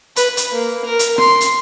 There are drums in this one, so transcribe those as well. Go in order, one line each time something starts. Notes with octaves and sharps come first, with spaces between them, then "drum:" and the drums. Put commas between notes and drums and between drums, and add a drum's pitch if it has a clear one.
B4, drum: hi-hat
drum: hi-hat
A#3
A#4
drum: hi-hat
C6, drum: rim click
drum: hi-hat